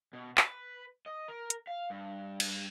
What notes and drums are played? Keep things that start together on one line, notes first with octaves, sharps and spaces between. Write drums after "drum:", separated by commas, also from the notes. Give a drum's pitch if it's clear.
B2
B4, drum: clap
D#5
A#4
drum: hi-hat
F5
G2
drum: cymbal